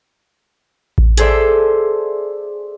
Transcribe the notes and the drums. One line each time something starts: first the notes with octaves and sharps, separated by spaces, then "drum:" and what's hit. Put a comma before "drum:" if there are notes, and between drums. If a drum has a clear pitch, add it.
drum: kick A1
G#4 A4 C5 D5 E5, drum: hi-hat